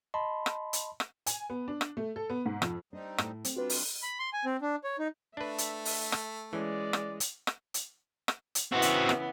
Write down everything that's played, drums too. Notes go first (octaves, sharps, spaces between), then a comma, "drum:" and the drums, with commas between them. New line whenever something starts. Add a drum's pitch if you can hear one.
D#5 A5 B5 C6
drum: rim click
drum: hi-hat
drum: rim click
G#5, drum: hi-hat
B3
D4
drum: rim click
A3
A4
B3
G#2
F2, drum: rim click
G3 C4 D4 D#4
A2, drum: rim click
C4, drum: hi-hat
G3 D4 F4 F#4 B4
drum: open hi-hat
B5
C6
G#5
C4
D4
C#5
D#4
A3 D4 B4 E5
drum: hi-hat
drum: open hi-hat
drum: rim click
E3 G#3 C#4 D5
drum: rim click
drum: hi-hat
drum: rim click
drum: hi-hat
drum: rim click
drum: hi-hat
C#3 E3 B3 C4 F#4
drum: hi-hat
drum: rim click